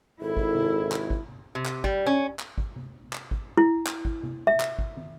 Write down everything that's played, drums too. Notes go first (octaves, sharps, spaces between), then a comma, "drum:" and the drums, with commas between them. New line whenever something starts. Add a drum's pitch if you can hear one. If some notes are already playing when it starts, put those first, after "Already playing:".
G#1 E4 A4
drum: kick
drum: tom C3
drum: clap
drum: kick
drum: tom C3
C3
drum: clap
G3, drum: kick
C#4
drum: clap
drum: kick
drum: tom C3
drum: clap
drum: kick
E4
drum: clap
drum: kick
drum: tom C3
E5
drum: clap
drum: kick
drum: tom